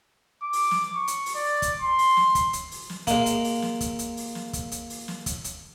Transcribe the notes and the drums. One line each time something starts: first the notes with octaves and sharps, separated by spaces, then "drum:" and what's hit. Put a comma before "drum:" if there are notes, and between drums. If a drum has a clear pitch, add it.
D6
drum: open hi-hat
drum: snare
C#6
drum: hi-hat
drum: open hi-hat
D5
drum: kick, hi-hat
C6
drum: open hi-hat
drum: snare
drum: kick, hi-hat
drum: hi-hat
drum: open hi-hat
drum: snare
G#3 A#3, drum: kick, hi-hat
drum: hi-hat
drum: open hi-hat
drum: snare
drum: kick, hi-hat
drum: hi-hat
drum: open hi-hat
drum: snare
drum: kick, hi-hat
drum: hi-hat
drum: open hi-hat
drum: snare
drum: kick, hi-hat
drum: hi-hat